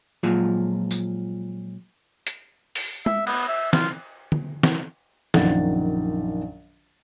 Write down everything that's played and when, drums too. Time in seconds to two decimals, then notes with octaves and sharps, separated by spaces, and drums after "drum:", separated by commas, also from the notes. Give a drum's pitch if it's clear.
0.23 A#2 F3 F#3 G#3
0.91 drum: tambourine
2.27 drum: hi-hat
2.75 drum: open hi-hat
3.06 E5, drum: tom G#3
3.27 B3, drum: cymbal
3.49 E5
3.73 F4, drum: snare
4.32 drum: tom
4.63 drum: snare
5.34 A#1 F#2 D#3 F#5 A6, drum: snare